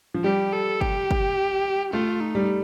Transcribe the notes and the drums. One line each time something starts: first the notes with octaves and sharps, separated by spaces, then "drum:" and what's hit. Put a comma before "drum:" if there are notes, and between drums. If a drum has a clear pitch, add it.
F3
G3 G4
A4
G4, drum: kick
drum: kick
A3 F4
D#4
G3